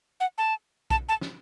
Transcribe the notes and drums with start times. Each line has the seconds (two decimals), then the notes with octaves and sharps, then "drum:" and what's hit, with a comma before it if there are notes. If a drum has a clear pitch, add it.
0.20 F#5
0.38 A5
0.90 A5, drum: kick B1
1.09 A5
1.21 drum: snare